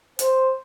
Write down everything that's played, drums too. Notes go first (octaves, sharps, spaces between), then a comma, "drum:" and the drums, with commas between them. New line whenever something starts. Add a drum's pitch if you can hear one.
C5, drum: hi-hat